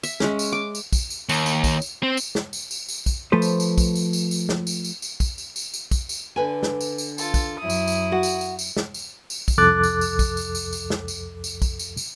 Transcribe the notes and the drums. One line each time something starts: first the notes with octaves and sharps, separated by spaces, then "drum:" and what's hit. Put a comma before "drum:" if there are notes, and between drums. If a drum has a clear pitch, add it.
E5, drum: tambourine
G#3 C#4, drum: snare
drum: tambourine
D6
drum: tambourine
drum: kick, tambourine
drum: tambourine
D#2, drum: tambourine
drum: tambourine
drum: kick, tambourine
drum: tambourine
C4
drum: tambourine
drum: snare
drum: tambourine
drum: tambourine
drum: tambourine
drum: kick, tambourine
F3 A3 B4 C5
drum: tambourine
drum: tambourine
drum: kick, tambourine
drum: tambourine
drum: tambourine
drum: tambourine
drum: snare
drum: tambourine
drum: tambourine
drum: tambourine
drum: kick, tambourine
drum: tambourine
drum: tambourine
drum: tambourine
drum: kick, tambourine
drum: tambourine
D3 B4 G#5
drum: snare
drum: tambourine
drum: tambourine
F4 A4, drum: tambourine
drum: kick, tambourine
F#2 E4 D#6
drum: tambourine
drum: tambourine
F#4 F#5
drum: tambourine
drum: tambourine
drum: tambourine
drum: snare
drum: tambourine
drum: tambourine
drum: kick, tambourine
C2 F2 A4 D6 F#6 A6
drum: tambourine
drum: tambourine
drum: kick, tambourine
drum: tambourine
drum: tambourine
drum: tambourine
drum: snare
drum: tambourine
drum: tambourine
drum: kick, tambourine
drum: tambourine
drum: tambourine